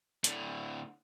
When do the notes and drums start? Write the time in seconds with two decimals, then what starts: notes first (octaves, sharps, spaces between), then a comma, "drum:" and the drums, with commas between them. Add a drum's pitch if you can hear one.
0.24 A2 D3, drum: hi-hat